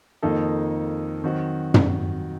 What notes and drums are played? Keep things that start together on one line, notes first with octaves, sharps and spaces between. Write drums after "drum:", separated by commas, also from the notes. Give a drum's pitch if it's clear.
F2 D#3 A#3 D#4 A4
D#3 F#3 C4 F#4
drum: tom